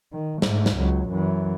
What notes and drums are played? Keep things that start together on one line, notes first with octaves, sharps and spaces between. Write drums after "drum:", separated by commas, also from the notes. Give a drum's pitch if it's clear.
D#3
G#2 A3, drum: snare
drum: snare
C#2 F#3
F#2 E3